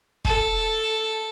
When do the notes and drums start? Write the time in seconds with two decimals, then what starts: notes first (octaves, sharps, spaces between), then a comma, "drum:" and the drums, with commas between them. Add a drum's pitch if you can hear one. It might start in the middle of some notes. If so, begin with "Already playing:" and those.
0.25 A4, drum: kick